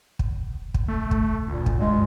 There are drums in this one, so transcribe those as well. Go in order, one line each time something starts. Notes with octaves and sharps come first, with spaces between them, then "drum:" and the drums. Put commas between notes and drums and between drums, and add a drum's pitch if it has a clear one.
drum: kick
drum: kick
A3
drum: kick
D2 A#2
drum: kick
G2 G#3